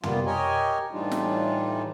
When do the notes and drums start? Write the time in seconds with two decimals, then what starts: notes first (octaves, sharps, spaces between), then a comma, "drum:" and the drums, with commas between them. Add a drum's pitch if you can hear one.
0.03 G3 A#3 B3 F4, drum: tom
0.26 G4 A#4 C#5 D#5 G#5
0.92 A2 E3 G3 D4 D#4 F4
1.11 drum: snare